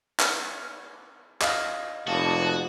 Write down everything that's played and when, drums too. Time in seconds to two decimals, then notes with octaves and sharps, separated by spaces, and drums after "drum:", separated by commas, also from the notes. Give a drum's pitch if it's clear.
0.20 drum: clap
1.41 D#5 F5, drum: clap
2.07 F1 A#3 F#4 A5 D#6